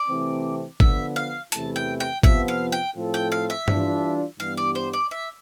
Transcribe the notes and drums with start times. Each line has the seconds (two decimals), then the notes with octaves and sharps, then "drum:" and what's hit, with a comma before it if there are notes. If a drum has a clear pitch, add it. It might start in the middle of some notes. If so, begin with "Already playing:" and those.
Already playing: D5
0.08 C3 E3 A3 C4
0.80 D3 F3 B3 E5, drum: kick G#1
1.16 F5
1.52 E2 C3 E3 A3 E4 A5, drum: hi-hat
1.76 G5
2.00 G5
2.23 F2 C3 F3 B3 E5, drum: kick G#1
2.48 F5
2.72 G5
2.96 A2 F3 C4 F4 A4
3.14 G5
3.32 F5
3.50 E5
3.68 E3 G3 D4 F4, drum: tom G2
4.40 G2 E3 G3 B3 F5
4.57 D5
4.75 C5
4.93 D5
5.11 E5